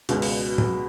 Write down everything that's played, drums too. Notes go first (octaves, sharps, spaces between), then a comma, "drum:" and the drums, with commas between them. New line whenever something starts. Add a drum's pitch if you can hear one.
C#2 B2 G#3, drum: hi-hat
drum: open hi-hat
drum: tom